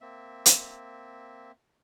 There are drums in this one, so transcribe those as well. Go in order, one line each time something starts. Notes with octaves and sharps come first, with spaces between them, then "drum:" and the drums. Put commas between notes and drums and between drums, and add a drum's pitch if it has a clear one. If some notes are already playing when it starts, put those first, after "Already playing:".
A#3 C4 E5
drum: hi-hat